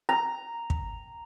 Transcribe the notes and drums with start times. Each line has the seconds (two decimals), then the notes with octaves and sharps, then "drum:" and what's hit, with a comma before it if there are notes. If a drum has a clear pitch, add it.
0.09 A#5
0.70 drum: kick